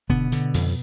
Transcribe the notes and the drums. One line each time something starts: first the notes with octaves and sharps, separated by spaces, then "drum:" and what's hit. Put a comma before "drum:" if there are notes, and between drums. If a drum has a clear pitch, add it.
B2 D3 B3, drum: kick E1
D3, drum: hi-hat
F2, drum: open hi-hat